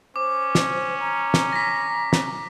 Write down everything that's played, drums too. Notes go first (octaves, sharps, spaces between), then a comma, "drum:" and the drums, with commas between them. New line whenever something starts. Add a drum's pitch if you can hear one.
C#4 C5 D6
drum: snare
A#5
drum: snare
A#6 B6
drum: snare